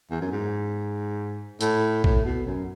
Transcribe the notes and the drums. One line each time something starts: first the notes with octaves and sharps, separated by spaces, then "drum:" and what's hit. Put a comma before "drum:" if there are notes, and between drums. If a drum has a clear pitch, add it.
E2
F#2
G#2
A2, drum: tambourine
A2, drum: kick A#1
B2
F#2